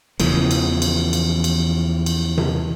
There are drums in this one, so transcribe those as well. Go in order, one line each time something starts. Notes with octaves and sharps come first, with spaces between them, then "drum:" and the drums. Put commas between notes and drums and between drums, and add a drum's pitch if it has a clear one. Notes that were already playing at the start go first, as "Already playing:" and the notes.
E2 C#3 E3 F3, drum: cymbal
drum: cymbal
drum: cymbal
drum: cymbal
drum: cymbal
drum: cymbal
drum: tom C3